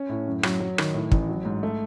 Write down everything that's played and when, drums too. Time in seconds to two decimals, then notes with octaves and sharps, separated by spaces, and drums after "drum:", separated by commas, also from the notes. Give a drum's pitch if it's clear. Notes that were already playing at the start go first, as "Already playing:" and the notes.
Already playing: C#4
0.09 A2
0.27 F#2
0.43 F#3, drum: rim click
0.60 F#3
0.78 D#3, drum: rim click
0.94 A2
1.12 A1, drum: kick
1.29 F#3
1.45 G#2
1.63 A3